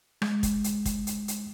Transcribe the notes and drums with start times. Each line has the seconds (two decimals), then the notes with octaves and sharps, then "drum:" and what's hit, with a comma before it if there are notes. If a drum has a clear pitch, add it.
0.22 G#3, drum: rim click
0.43 drum: kick, hi-hat
0.64 drum: hi-hat
0.85 drum: kick, hi-hat
1.07 drum: hi-hat
1.28 drum: hi-hat